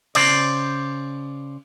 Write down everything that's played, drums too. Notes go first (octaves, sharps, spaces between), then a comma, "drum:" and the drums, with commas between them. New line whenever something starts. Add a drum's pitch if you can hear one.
C#3 C5 D5, drum: cymbal